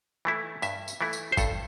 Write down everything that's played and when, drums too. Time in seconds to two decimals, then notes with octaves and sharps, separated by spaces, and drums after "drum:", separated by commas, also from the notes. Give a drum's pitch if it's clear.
0.25 E3 A3 E4
0.62 G2 E5, drum: tambourine
0.88 drum: tambourine
1.01 E3 A3 E4
1.13 drum: tambourine
1.32 C5
1.37 G2 A4, drum: kick, tambourine